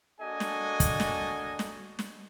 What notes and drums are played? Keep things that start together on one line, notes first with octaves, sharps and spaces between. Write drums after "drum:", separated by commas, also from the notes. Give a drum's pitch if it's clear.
A#3 D4 F#4 A4 D#5 G#5
drum: snare
drum: kick, hi-hat
drum: snare
drum: snare
drum: snare